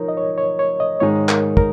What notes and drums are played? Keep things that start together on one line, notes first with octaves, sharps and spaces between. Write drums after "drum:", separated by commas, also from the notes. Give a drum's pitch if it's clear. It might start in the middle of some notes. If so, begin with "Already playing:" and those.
Already playing: F3 D#4 A#4 C#5
D#5
C#5
C#5
C#5
D#5
G#2 D#3 G#3 D#4 C#5
A#4, drum: clap
A#4, drum: kick